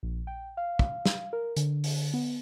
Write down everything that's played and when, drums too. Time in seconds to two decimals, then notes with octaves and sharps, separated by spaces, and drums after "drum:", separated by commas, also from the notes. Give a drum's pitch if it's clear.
0.03 A#1
0.27 G5
0.57 F5
0.79 drum: kick
1.05 drum: snare
1.33 A#4
1.56 D3, drum: hi-hat
1.84 drum: open hi-hat
2.14 B3